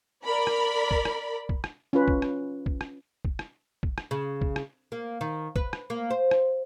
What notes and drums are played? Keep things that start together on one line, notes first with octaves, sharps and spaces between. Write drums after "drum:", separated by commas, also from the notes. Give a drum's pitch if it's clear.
A#4 D5 B5
drum: rim click
drum: kick
drum: rim click
drum: kick
drum: rim click
C#4 F4 B4
drum: kick
drum: rim click
drum: kick
drum: rim click
drum: kick
drum: rim click
drum: kick
drum: rim click
C#3
drum: kick
drum: rim click
A#3
D#3
B4, drum: kick
drum: rim click
A#3
C5
drum: rim click